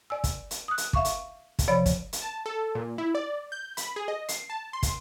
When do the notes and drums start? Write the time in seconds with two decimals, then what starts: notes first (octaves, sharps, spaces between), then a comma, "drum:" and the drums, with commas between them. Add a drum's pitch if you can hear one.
0.10 D5 G#5 E6
0.24 drum: kick, hi-hat
0.51 drum: hi-hat
0.68 D#6 F#6
0.78 drum: hi-hat
0.93 E5 F5 C#6 D6, drum: kick
1.05 drum: hi-hat
1.59 drum: kick, hi-hat
1.68 C3 F3 C#5 D5 B5
1.86 drum: kick, hi-hat
2.13 drum: hi-hat
2.22 A5
2.46 A4
2.75 A#2
2.98 E4
3.15 D5
3.52 G6
3.77 B5, drum: hi-hat
3.96 G#4
4.08 D#5
4.29 C7, drum: hi-hat
4.50 A5
4.73 C6
4.83 drum: kick, hi-hat